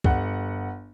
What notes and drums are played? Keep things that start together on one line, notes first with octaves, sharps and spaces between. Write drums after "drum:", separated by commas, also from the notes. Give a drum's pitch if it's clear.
G1 F#5, drum: kick C#2